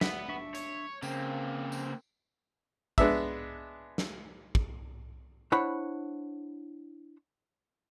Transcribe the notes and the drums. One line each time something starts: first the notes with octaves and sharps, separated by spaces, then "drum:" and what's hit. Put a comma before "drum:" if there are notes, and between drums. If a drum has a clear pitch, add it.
B3 B4 D5 E5, drum: snare
D4 E5 C#6
C#5, drum: hi-hat
C#3 A#3 C4, drum: tambourine
drum: tambourine
G#3 B3 D4 E5, drum: kick
drum: snare
drum: kick
D4 E4 C5 C#5 F#5 B5